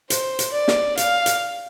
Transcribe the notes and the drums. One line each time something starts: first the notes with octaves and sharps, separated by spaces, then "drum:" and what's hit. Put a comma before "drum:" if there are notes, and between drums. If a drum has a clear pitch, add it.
C5, drum: hi-hat
drum: hi-hat
D5
drum: snare
F5, drum: hi-hat
drum: hi-hat